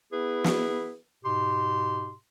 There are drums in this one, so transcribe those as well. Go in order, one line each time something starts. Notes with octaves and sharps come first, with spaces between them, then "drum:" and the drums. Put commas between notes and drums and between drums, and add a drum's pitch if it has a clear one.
B3 E4 G#4 B4
drum: snare
G#2 B2 G4 C6